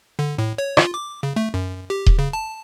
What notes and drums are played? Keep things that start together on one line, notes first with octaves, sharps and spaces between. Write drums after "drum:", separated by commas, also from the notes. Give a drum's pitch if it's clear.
D3
A2
C#5
F4, drum: rim click
D6
C#3
A3
F#2
G4
drum: kick D#1
C#3
A5